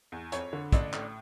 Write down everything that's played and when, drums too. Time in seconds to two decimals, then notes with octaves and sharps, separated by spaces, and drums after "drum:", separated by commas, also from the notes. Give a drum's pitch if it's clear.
0.12 E2
0.32 F2 C#5, drum: hi-hat
0.53 D3
0.72 A1 D4, drum: kick, hi-hat
0.94 A2, drum: clap